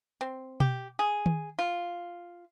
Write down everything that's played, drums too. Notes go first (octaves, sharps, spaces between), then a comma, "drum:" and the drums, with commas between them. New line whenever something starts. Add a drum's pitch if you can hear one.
C4
G4, drum: tom B2
G#4
drum: tom D#3
F4